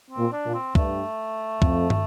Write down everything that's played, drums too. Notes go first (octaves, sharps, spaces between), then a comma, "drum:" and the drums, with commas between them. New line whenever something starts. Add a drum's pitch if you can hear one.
C4
A#2
D4
A#2
C4
G2 A3, drum: kick
F2, drum: kick
drum: tom